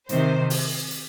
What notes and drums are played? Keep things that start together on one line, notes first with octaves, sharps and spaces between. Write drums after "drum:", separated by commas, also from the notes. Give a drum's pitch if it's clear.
C3 D#3 C5, drum: hi-hat
drum: open hi-hat
drum: hi-hat